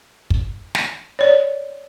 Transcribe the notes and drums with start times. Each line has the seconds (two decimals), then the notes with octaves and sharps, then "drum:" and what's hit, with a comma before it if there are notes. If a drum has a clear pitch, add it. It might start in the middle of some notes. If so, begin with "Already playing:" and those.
0.30 drum: kick
0.75 drum: snare
1.19 C#5 D5